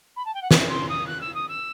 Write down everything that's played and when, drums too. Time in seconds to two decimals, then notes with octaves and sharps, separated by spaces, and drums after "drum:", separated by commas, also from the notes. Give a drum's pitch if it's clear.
0.16 B5
0.25 A5
0.34 G5
0.41 F#5
0.51 E5, drum: snare
0.68 C6
0.88 D#6
1.07 F#6
1.20 E6
1.34 D#6
1.48 E6